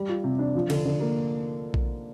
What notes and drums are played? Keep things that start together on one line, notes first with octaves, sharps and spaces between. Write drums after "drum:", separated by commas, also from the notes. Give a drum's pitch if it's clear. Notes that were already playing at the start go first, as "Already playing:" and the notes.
Already playing: G3
F4
C3
D4
F3
D3, drum: cymbal
D3
A#3
drum: kick A#1